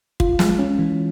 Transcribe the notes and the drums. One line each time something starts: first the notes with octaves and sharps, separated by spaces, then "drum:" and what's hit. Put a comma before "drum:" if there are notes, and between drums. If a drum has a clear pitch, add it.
F4, drum: kick
G#3, drum: snare
C#4
E3